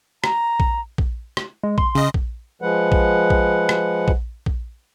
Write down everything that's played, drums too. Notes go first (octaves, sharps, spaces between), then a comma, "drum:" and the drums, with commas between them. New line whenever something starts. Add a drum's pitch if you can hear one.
A#5, drum: rim click
drum: kick A#1
drum: kick A#1
drum: rim click
G#3
C6, drum: kick A#1
C#3 D#5
drum: kick A#1
F3 G#3 B4 F#5
drum: kick A#1
drum: kick A#1
drum: rim click
drum: kick A#1
drum: kick A#1